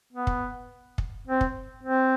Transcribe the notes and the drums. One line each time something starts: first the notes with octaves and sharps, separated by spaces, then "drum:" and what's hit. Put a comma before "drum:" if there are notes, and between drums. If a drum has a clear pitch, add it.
B3
drum: kick
drum: kick
C4
drum: kick
C4